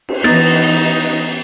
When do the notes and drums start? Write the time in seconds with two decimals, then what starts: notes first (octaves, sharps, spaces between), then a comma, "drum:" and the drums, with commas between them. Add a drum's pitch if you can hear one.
0.09 drum: cymbal
0.24 E3 B3 D#4 A6, drum: rim click